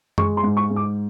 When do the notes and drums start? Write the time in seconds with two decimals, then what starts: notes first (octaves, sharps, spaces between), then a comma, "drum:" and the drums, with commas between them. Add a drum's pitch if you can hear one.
0.18 G#3 C#6, drum: tom F#2
0.37 C6
0.43 G#2
0.57 C#6
0.70 G#2
0.76 D6